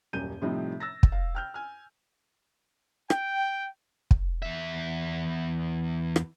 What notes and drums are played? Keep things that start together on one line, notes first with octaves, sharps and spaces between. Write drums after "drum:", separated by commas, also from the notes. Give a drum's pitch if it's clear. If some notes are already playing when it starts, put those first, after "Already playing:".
D#1 F#2 G3 G6 D#7
A2 C3 F3 G3 C4 D#4
E6 A6 A#6
drum: kick
F5
G5 F6 G6
G#5 F6
G5, drum: rim click
drum: kick
E2 E5
drum: rim click